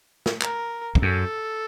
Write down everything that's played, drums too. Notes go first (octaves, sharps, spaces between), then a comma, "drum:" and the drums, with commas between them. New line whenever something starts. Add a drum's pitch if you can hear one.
drum: snare
A#4, drum: clap
F2, drum: kick
F#2 A4